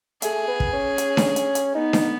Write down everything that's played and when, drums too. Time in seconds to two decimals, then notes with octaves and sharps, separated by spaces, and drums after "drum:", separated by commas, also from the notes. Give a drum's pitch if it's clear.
0.22 A3 G#4, drum: hi-hat
0.47 B3
0.60 drum: kick
0.73 C#4
0.98 drum: hi-hat
1.17 drum: snare D4
1.36 drum: hi-hat
1.55 drum: hi-hat
1.75 B3 D#4
1.93 drum: snare D4